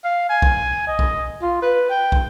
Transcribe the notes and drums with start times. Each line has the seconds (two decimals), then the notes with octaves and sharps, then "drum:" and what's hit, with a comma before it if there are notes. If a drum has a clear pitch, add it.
0.05 F5
0.29 G#5
0.42 drum: kick
0.88 D#5
0.99 drum: kick
1.42 F4
1.62 B4
1.90 G5
2.12 drum: kick